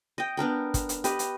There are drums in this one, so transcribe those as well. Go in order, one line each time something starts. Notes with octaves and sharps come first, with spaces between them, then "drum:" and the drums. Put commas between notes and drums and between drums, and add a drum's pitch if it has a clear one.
D#5 G5
B3 D4 A#4 G5
drum: kick, hi-hat
drum: hi-hat
G4 B4 D#5, drum: hi-hat
drum: hi-hat